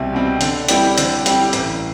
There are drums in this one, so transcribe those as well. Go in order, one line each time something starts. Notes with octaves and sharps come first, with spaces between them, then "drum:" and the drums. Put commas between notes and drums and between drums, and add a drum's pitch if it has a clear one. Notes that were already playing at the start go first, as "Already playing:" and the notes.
Already playing: C2 B2 G3 C4
B2 G3 C4
D3, drum: hi-hat
G3 C4 E4 G4, drum: hi-hat
D3, drum: hi-hat
G3 C4 E4 G4, drum: hi-hat
A1, drum: hi-hat